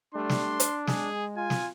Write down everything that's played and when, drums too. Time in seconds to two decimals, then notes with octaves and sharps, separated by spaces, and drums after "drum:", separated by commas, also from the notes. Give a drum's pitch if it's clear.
0.14 G3 A3 D4 C6
0.29 drum: snare
0.60 drum: hi-hat
0.87 G#3 G#4, drum: snare
1.37 F4 G#5
1.50 drum: snare